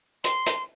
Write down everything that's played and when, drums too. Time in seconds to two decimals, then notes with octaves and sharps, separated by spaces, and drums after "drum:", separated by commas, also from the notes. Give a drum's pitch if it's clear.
0.24 C6, drum: hi-hat
0.46 drum: hi-hat